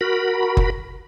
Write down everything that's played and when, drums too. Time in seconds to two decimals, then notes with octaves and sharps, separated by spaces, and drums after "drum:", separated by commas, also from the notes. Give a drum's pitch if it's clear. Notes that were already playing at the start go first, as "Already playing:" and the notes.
0.01 F#4 A#4 B5
0.57 drum: kick F#1